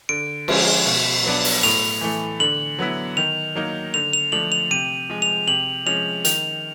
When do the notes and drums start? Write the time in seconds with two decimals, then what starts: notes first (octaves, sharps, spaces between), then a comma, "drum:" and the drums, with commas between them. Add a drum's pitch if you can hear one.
0.09 D3 D7
0.48 F3 G#3 C#4, drum: cymbal
0.86 B2
1.24 F#3 B3 D4
1.44 drum: open hi-hat
1.63 A2 F7
2.01 E3 A3
2.40 D3 F#7
2.79 F#3 B3 E4
3.17 D#3 F7
3.56 F#3 A#3 D#4
3.94 D3 F7
4.13 F7
4.32 F3 A3 D4 F#7
4.52 F7
4.71 C3 D#7
5.10 F3 G#3
5.22 F7
5.47 C3 F#7
5.86 F3 G#3 C#4 F7
6.25 D#3 F7, drum: hi-hat